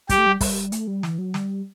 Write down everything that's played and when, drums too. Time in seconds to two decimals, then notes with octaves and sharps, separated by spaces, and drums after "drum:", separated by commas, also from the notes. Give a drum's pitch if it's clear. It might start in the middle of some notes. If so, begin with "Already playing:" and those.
0.09 G3 G4, drum: kick, hi-hat
0.18 A3
0.26 G3
0.41 G3, drum: kick, open hi-hat
0.72 A3, drum: hi-hat
0.87 G3
1.03 E3, drum: snare
1.18 F#3
1.34 G3, drum: snare